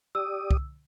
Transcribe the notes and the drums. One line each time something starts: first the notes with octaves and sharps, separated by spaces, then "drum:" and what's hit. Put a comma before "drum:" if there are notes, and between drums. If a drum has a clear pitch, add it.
G4 D5 D#6 E6
drum: kick